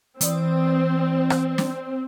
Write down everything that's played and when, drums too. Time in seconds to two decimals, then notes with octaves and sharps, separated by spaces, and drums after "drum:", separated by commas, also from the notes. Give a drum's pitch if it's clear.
0.21 E3 C4 D5 D#6, drum: hi-hat
1.30 drum: rim click
1.58 drum: snare